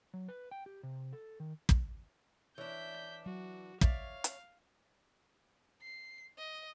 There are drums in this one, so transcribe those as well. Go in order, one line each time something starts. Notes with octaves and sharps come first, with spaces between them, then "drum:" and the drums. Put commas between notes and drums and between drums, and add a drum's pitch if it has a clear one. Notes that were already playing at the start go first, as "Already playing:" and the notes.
F#3
B4
G5
G4
C3
A4
D#3
drum: kick
E3 D4 C#5 G6 B6
F#3 F#4
C#5 D5 E5 F5, drum: kick
drum: hi-hat
C7
D#5